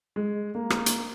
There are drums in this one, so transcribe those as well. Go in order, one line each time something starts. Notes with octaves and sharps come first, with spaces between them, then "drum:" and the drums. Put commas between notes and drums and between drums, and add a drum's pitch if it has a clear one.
G#3
A#3
drum: rim click
drum: hi-hat